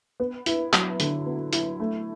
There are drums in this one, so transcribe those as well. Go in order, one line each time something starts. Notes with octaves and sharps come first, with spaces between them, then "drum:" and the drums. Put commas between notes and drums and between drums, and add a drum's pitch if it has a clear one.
B3
E4, drum: hi-hat
F#3, drum: clap
D3, drum: hi-hat
B3
E4, drum: hi-hat
A3